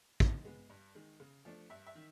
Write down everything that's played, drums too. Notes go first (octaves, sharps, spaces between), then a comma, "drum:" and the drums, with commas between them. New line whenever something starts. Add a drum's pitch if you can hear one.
D#3, drum: kick
G#3 B3
G2
D#3 G#3
C#3
F3 A3 D4
G2 E5
E5
D#3